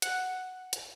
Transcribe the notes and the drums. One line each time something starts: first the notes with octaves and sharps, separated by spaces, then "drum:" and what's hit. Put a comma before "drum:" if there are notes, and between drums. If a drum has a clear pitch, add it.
F#5, drum: hi-hat
drum: hi-hat